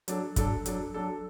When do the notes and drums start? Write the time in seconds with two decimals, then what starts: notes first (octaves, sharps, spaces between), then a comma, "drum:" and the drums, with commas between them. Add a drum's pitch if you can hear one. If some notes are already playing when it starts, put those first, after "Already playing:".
0.08 F#3 D4 A4, drum: hi-hat
0.36 F#3 D4 A4, drum: kick, hi-hat
0.66 F#3 D4 A4, drum: hi-hat
0.94 F#3 D4 A4